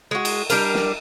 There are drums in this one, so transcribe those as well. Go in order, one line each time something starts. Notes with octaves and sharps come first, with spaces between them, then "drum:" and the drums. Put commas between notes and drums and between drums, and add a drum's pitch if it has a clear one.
G#3 F#4
drum: cymbal
G3 D4 A#4, drum: cymbal
drum: snare